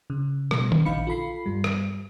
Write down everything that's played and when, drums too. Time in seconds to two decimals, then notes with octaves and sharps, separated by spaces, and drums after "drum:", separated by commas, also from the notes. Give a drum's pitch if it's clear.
0.10 C#3
0.51 B2 F3 G3 A3, drum: rim click
0.72 drum: tom D#3
0.85 A#1 D3 D#4 F5 B5 C#7
1.07 F4 A4 B5 C7
1.46 G2 G3
1.64 drum: rim click